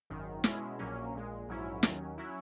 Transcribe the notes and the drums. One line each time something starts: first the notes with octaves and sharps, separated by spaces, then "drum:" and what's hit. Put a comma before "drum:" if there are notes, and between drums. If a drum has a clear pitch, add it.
G#1 F#2 D#3
B2 G#3 C#4 E4, drum: snare
A#1 A#2 F#3 A#3 C#4
A#1 A#2 G#3
A#1 G#2 F#3 C#4 E4
D#2 D#3 F#3 C#4, drum: snare
F#3 C#4 E4